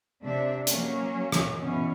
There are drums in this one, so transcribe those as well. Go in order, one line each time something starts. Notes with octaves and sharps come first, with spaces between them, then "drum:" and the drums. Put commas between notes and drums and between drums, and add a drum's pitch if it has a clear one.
C3 D4 E5
F#3 A#3 C#4 C#5, drum: hi-hat
drum: rim click
B2 E3 C#4